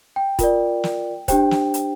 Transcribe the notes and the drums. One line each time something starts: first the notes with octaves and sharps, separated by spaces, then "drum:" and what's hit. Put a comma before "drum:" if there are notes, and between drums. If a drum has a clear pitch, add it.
G5
F4 A#4 D5, drum: kick, hi-hat
drum: snare
D4 G4 C5 G5, drum: kick, hi-hat
drum: snare
drum: hi-hat